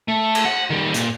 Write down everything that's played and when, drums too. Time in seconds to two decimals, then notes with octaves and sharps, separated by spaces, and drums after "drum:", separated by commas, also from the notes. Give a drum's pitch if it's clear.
0.08 A3
0.35 drum: cymbal
0.45 F#5
0.70 D#3 G3
0.94 A#2, drum: hi-hat